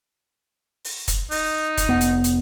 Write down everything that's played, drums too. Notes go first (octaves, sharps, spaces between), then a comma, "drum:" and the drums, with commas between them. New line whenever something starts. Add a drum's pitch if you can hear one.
drum: open hi-hat
drum: kick, hi-hat
D#4, drum: open hi-hat
drum: kick, hi-hat
F1 B3
drum: hi-hat
drum: hi-hat